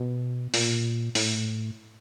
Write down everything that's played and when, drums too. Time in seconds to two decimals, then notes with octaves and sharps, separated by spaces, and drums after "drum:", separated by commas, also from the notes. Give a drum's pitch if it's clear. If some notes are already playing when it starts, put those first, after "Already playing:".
Already playing: B2
0.54 A#2, drum: open hi-hat
1.15 A2, drum: open hi-hat